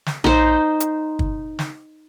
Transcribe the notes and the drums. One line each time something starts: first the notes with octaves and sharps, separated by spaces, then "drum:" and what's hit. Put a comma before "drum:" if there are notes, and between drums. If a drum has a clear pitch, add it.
drum: snare
D#4 C5, drum: tom A#1
drum: hi-hat
drum: kick
drum: snare